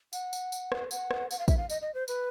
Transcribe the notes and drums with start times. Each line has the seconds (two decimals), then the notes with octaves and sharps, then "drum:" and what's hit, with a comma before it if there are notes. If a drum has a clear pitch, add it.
0.13 F#5, drum: tambourine
0.33 drum: tambourine
0.52 drum: tambourine
0.72 drum: rim click
0.91 F#5, drum: tambourine
1.11 drum: rim click
1.31 F#5, drum: tambourine
1.39 F5
1.48 E5, drum: kick, tambourine
1.58 F5
1.70 D#5, drum: tambourine
1.82 D#5
1.94 C5
2.08 B4, drum: tambourine